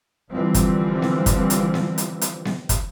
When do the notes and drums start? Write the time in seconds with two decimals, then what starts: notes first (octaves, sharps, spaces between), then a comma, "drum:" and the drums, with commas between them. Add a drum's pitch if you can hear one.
0.31 D3 E3 F3 G3 C4
0.54 drum: kick, hi-hat
1.02 drum: snare B3
1.26 drum: kick, hi-hat
1.50 drum: hi-hat
1.74 drum: snare B3
1.98 drum: hi-hat
2.21 drum: hi-hat
2.45 drum: snare B3
2.69 drum: kick, hi-hat